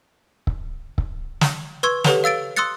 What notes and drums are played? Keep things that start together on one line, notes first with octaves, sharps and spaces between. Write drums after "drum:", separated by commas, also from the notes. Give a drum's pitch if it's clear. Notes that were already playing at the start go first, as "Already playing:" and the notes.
drum: kick C#1
drum: kick C#1
drum: snare
B4 C6 C#6 E6 G#6
G4 A4 B4 C#5 F#5 F7, drum: snare
F5 E6 A6 D7
C6 D#6 E6 F#6 A6 C#7